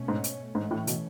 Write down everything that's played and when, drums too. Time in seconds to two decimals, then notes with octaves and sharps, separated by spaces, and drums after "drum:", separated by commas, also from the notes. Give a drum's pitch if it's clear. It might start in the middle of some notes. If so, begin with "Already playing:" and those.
Already playing: B2 A3 C#4
0.08 G#2
0.24 drum: hi-hat
0.55 G#2 E3 A3 C#4
0.71 A2
0.87 B2, drum: hi-hat